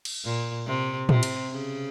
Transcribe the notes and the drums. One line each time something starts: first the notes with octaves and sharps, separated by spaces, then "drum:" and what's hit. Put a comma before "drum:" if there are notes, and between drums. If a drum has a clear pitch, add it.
drum: cymbal
A#2
C3
C3, drum: tom
drum: cymbal
C#3